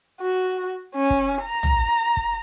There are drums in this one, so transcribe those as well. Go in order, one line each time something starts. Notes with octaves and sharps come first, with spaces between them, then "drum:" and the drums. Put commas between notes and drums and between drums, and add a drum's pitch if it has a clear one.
F#4
C#4
drum: kick
A#5
drum: tom
drum: kick